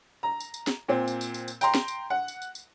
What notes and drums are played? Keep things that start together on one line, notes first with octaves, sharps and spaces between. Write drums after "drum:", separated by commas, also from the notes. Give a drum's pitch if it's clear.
A#5
drum: tambourine
drum: tambourine
drum: snare
A#2 C4
drum: tambourine
drum: tambourine
drum: tambourine
drum: tambourine
G5 A#5 C6, drum: tambourine
drum: snare
drum: tambourine
F#5
drum: tambourine
drum: tambourine
drum: tambourine